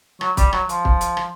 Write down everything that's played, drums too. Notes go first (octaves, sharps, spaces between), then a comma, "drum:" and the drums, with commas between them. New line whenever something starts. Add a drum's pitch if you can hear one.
F#3, drum: rim click
G3, drum: kick, hi-hat
F#3, drum: rim click
F3, drum: hi-hat
drum: kick
drum: hi-hat
drum: rim click